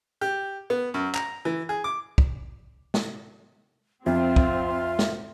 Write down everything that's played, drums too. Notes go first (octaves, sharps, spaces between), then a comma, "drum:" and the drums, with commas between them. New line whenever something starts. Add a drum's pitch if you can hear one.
G4
B3
F#2
A#5, drum: clap
E3
G#4
D6
drum: kick
drum: snare
F2 C4 F4 E5
drum: kick
drum: snare